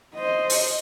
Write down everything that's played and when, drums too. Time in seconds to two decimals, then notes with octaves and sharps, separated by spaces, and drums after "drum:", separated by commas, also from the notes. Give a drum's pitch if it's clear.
0.15 C5 D#5
0.50 drum: open hi-hat